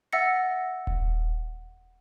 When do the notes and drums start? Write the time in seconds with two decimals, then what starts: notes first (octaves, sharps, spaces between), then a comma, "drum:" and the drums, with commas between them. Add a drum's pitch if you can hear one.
0.13 E5 F#5 E6 A6 A#6 C#7
0.87 drum: kick D#1